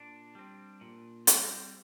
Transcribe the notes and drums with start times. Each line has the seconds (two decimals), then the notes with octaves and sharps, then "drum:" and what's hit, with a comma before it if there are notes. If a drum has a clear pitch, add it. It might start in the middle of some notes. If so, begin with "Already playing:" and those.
Already playing: A#2 D4
0.35 G3 C4
0.81 A#2
1.27 G3 C4, drum: hi-hat